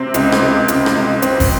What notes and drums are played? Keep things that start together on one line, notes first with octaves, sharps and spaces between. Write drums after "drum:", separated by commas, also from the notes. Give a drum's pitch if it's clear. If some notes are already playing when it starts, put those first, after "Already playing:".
Already playing: C3 C4
C#2, drum: hi-hat
drum: rim click
C#2
C#2, drum: hi-hat
drum: rim click
C#2
C4, drum: hi-hat
drum: kick, open hi-hat